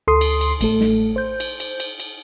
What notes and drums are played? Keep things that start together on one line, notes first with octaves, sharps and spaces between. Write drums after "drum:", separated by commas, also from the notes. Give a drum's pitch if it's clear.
D2 A4 C6 D#6 C7
drum: cymbal
drum: cymbal
A1 A3 A4, drum: cymbal
drum: snare
C5 G6
drum: cymbal
drum: cymbal
drum: cymbal
drum: cymbal